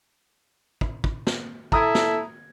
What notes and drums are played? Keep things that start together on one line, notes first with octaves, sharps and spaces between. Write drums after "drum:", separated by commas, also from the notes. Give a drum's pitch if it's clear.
drum: kick
drum: kick
drum: snare
E4 A4 A#5 D#6 G#6, drum: kick
drum: snare